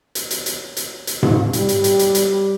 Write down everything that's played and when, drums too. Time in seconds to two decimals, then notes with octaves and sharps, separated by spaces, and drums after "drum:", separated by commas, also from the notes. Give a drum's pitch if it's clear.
0.15 drum: hi-hat
0.31 drum: hi-hat
0.46 drum: hi-hat
0.77 drum: hi-hat
1.07 drum: hi-hat
1.23 drum: tom G#2
1.53 G3, drum: hi-hat
1.69 drum: hi-hat
1.84 drum: hi-hat
1.99 drum: hi-hat
2.15 drum: hi-hat